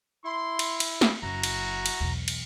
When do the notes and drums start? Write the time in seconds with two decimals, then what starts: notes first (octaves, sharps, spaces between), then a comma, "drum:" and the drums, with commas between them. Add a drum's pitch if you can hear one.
0.24 E4 C6
0.59 drum: cymbal
0.80 drum: cymbal
1.01 drum: snare
1.22 F#1 E4 F#4 A#5
1.43 drum: cymbal
1.86 drum: cymbal
2.00 B1 E2
2.28 drum: cymbal